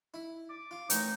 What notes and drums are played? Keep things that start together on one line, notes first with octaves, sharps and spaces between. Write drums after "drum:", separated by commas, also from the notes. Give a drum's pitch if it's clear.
E4
D6
F4
A1 D#4 A#4 G5, drum: hi-hat